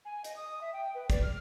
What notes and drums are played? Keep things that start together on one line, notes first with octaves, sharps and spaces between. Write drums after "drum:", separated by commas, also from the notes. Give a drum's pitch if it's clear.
G#5
D#5, drum: hi-hat
D#6
E5
G5
B4
D5, drum: kick, hi-hat
F6